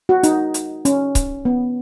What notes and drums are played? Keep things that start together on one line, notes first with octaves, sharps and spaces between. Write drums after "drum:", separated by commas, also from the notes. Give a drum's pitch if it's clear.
F#4
D#4, drum: hi-hat
drum: hi-hat
C#4, drum: hi-hat
drum: kick C#1, hi-hat
B3